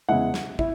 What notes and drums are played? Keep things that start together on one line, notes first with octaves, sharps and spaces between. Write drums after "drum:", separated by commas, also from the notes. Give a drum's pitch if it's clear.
E2 C#3 G#3 E4 F#5
drum: snare
E4, drum: kick